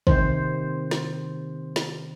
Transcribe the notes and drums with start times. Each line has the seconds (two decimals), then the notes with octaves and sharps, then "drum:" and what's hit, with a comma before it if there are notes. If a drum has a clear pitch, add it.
0.07 C3 D#3 C5, drum: kick
0.91 drum: snare
1.76 drum: snare